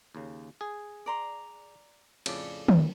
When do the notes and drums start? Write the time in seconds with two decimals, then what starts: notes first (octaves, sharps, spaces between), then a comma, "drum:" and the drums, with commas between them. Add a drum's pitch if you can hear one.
0.15 D#2 C#3
0.61 G#4
1.06 D5 A#5 C6
2.26 F2 A2 C#3 A4 D5, drum: cymbal
2.68 drum: tom